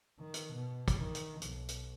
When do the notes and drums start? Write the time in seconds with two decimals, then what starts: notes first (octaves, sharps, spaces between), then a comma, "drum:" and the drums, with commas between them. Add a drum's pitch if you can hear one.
0.19 D#3
0.34 drum: hi-hat
0.53 B2
0.88 drum: kick, hi-hat
0.97 D#3
1.15 drum: hi-hat
1.42 B1, drum: hi-hat
1.68 drum: hi-hat